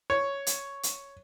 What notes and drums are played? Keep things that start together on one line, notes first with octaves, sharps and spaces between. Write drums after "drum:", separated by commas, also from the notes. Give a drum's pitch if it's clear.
C#5
drum: hi-hat
drum: hi-hat